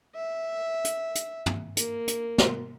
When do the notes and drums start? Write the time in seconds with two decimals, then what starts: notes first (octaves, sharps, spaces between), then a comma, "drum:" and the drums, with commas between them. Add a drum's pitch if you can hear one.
0.15 E5
0.85 drum: hi-hat
1.15 drum: hi-hat
1.46 drum: tom
1.77 A#3, drum: hi-hat
2.08 drum: hi-hat
2.38 drum: snare